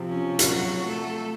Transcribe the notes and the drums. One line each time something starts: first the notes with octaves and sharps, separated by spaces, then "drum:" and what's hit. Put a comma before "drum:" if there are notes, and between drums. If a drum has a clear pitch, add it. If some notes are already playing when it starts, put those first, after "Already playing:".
Already playing: C3 F3 C4
C#4
drum: hi-hat
F#3 F#4
A3 A4